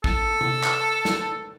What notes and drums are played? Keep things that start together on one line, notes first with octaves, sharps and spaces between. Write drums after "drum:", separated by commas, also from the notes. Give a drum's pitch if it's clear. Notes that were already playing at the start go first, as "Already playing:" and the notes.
A4, drum: kick A1
drum: tom C3
drum: clap
drum: snare